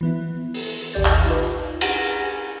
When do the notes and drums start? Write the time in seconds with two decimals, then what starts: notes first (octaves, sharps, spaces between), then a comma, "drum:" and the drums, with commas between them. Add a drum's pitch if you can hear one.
0.01 E3 B3 E4
0.54 drum: open hi-hat
0.93 A1 D#2 G4 D5 G6 A6
1.05 drum: clap
1.26 D#4 F4 B4
1.81 F#5 G#5 A#5 A6, drum: cymbal